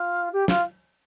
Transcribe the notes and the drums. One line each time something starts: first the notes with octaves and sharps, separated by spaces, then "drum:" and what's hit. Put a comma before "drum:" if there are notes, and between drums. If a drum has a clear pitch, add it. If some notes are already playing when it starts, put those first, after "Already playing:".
Already playing: F4
G4
F4, drum: snare